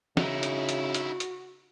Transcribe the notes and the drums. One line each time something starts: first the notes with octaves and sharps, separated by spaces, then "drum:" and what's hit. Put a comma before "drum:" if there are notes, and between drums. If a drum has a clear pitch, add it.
C#3 D#4 E4 F#4, drum: snare
drum: hi-hat
drum: hi-hat
drum: hi-hat
drum: hi-hat